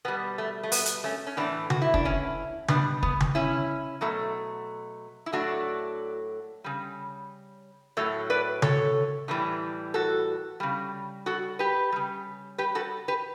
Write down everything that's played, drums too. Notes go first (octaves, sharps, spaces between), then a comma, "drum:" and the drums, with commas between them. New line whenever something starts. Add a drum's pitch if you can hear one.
B2 G3 B3
A3
A3
B3, drum: open hi-hat
drum: hi-hat
A3 C#4
C#4
A2 E3 A3 B3 D4
F#4, drum: tom C#3
E4
D4, drum: kick
C#4 E4
B2 G3 B3 D4, drum: tom C#3
B3, drum: kick
drum: tom C#3
C#4 E4
B2 F#3 A3
E4
A2 F#3 A3 D4 F#4
C#3 G3
A2 F#3 A3 A4 C#5
B4 D5
A4 C#5, drum: tom C#3
A2 E3 G3
F#4 A4
C#3 G3
F#4 A4
G4 B4
C#3 G3
G4 B4
F#4 A4
G4 B4